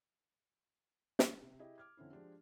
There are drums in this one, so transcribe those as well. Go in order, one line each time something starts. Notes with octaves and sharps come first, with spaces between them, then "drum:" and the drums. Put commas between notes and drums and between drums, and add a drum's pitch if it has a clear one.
drum: snare
C3
E4 G4 G#4 D#5
D6 F6 G#6
F2 D3 C4 C#4 E4
F3 G#3 D4 G4